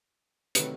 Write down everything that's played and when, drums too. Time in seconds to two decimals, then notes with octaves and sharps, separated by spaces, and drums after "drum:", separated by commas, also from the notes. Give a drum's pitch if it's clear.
0.55 C3 D#3 F#3 A3 B4, drum: hi-hat